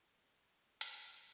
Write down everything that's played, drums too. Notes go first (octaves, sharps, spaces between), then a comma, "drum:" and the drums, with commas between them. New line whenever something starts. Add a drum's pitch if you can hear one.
E3
C5
D#4
G#5, drum: hi-hat
D#5